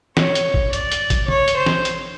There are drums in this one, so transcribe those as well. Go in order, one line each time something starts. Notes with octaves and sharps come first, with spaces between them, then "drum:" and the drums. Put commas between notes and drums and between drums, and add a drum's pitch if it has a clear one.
C#5, drum: snare
drum: hi-hat
drum: kick A1
D5, drum: hi-hat
drum: hi-hat
drum: kick A1, hi-hat
C#5, drum: tom
drum: hi-hat
C5
drum: snare
drum: hi-hat